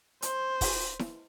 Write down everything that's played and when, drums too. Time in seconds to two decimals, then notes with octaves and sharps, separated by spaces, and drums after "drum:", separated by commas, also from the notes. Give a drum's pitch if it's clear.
0.22 C5, drum: hi-hat
0.61 drum: kick, open hi-hat
0.99 drum: snare E4